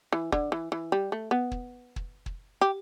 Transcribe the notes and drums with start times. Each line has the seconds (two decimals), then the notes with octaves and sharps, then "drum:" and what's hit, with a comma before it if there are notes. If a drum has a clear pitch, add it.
0.12 E3
0.32 D3, drum: kick
0.52 E3
0.72 E3
0.92 G3
1.12 A3
1.31 B3
1.51 drum: kick
1.96 drum: kick
2.26 drum: kick
2.61 G4